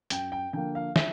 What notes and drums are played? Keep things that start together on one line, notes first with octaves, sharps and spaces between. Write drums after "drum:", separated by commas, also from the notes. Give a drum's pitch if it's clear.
F#2 G5, drum: hi-hat
G5
D3 F3 A#3 G5
F5
E5, drum: snare